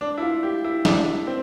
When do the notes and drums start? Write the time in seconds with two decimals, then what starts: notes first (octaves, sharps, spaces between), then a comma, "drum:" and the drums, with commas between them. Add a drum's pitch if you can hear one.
0.01 D4
0.17 E4
0.22 F4
0.43 G4
0.64 E4
0.85 D4, drum: snare
1.27 C4